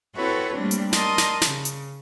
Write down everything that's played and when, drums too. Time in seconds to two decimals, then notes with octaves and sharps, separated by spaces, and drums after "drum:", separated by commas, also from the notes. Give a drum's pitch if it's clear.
0.15 C4 E4 F#4 A4 B4 C#5
0.53 G3 A3 A#3 C4 D4
0.71 drum: hi-hat
0.93 A#4 D5 D#5 A5 C6 D#6, drum: snare
1.18 drum: snare
1.41 C#3, drum: snare
1.65 drum: hi-hat